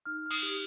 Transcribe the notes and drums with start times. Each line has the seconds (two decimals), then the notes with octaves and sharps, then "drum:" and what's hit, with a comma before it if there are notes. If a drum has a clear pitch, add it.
0.06 D#4 F6
0.26 F6
0.31 D#6, drum: cymbal
0.43 G4